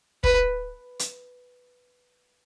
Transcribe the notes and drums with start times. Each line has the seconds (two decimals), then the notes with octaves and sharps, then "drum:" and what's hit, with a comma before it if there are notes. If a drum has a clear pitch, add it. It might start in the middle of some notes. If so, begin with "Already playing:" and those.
0.24 B4, drum: kick
0.99 drum: hi-hat